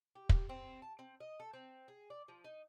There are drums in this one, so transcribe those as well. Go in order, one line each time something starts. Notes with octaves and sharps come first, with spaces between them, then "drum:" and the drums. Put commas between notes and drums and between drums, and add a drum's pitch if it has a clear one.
G4
drum: kick
C4
A5
C4
D#5
A4
C4
G#4
D5
F3
D#4